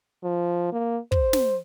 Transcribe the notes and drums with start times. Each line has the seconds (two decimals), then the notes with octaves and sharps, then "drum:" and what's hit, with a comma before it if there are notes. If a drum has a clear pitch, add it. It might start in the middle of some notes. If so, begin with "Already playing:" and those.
0.24 F3
0.73 A#3
1.12 C5, drum: kick
1.33 drum: snare